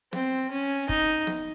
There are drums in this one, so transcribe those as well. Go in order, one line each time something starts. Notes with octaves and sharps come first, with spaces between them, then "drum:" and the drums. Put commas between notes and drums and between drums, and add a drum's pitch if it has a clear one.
C4, drum: snare
C#4
D#4, drum: kick
drum: snare